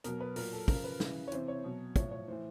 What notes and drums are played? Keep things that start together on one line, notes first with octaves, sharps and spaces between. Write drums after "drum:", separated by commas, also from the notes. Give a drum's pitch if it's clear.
B2 F#3 A#4, drum: hi-hat
B4
A#2 F#3 A#4, drum: open hi-hat
A4
C#3 F3 A#4, drum: kick, open hi-hat
B4
C#3 E3, drum: snare
C#5
C3 E3 C5, drum: hi-hat
C#5
B2 F#3
A2 F3 C#5, drum: kick, hi-hat
C#5
A2 E3 C5